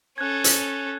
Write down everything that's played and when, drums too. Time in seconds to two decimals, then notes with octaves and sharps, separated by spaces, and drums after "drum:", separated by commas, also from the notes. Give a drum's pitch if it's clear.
0.18 C#4 A4 F#6 G#6
0.44 drum: hi-hat